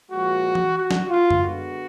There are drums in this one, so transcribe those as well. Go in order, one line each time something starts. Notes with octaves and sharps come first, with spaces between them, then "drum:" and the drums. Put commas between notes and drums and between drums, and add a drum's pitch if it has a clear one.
A#2 F3 G#3 F#4
drum: tom E3
F#4
drum: snare
F4
drum: tom F#2
D3 G#3 B3 F#4